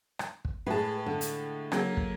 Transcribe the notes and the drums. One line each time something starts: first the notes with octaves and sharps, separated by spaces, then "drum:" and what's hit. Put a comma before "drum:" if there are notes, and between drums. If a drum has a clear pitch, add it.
drum: rim click
drum: kick
A2 G#3 G#4 B4 A5
D3
drum: hi-hat
C#3 F#3 A#3, drum: rim click
drum: kick